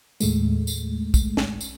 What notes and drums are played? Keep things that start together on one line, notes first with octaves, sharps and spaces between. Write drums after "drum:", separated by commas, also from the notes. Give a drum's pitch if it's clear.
D#2 A2 G#3 A3, drum: tambourine
drum: tambourine
drum: kick, tambourine
drum: snare
drum: tambourine